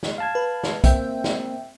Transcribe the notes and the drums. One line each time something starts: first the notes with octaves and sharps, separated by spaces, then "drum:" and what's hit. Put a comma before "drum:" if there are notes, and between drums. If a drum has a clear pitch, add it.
drum: snare
F5 A5 G#6
B4
drum: snare
A#3 C4 E5 G5, drum: kick, hi-hat
drum: snare